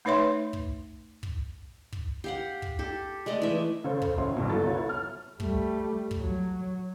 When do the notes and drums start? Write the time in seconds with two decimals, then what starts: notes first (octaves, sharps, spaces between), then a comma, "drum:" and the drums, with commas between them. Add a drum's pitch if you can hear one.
0.05 A3 D#4 B4 C#5 E5 C6
0.53 drum: kick
1.23 drum: kick
1.92 drum: kick
2.24 G4 F5 F#5
2.62 drum: kick
2.79 G4 A4
3.26 G#3 A3 D5 D#5
3.42 E3 E5
3.84 C#3 C#4 A4 C5
4.02 drum: kick
4.18 A1 C#4 E4 C6
4.37 A1 G2 B2
4.50 F#1 C#2 D3 F#3 A4 A6
4.66 B3 E4 F#4 A4 C#5
4.89 F6
5.40 G3 A3, drum: kick
6.11 drum: kick
6.21 F#3